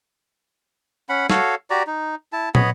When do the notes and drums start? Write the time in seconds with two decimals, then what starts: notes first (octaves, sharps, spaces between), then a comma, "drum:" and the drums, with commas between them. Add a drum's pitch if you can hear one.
1.09 C#4 F#5 B5
1.30 F#4 A4 C#5 F5, drum: snare
1.70 F#4 G4 D5 A#5
1.87 D#4
2.33 E4 A5
2.55 B3 C#5 D#5 B5, drum: tom